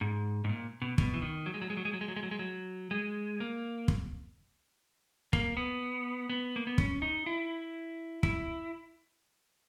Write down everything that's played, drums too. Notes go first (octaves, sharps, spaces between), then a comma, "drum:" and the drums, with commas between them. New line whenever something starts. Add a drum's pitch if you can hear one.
G#2
G#2
A#2
B2
B2, drum: kick
E3
D#3
F#3
G#3
F#3
G#3
F#3
G#3
F#3
G#3
F#3
G#3
F#3
G#3
F#3
G#3
A#3
drum: kick
A#3, drum: kick
B3
B3
A#3
B3
C#4, drum: kick
D#4
E4
E4, drum: kick